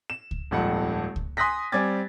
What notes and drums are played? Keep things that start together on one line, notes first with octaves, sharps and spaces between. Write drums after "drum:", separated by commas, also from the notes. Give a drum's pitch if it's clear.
E7
drum: kick C#2
D#1 G#1 F2 F#5
drum: kick C#2
G#5 C6 D#6 F#6 A#6 B6
G3 C4 G#5 D6 G#6 A6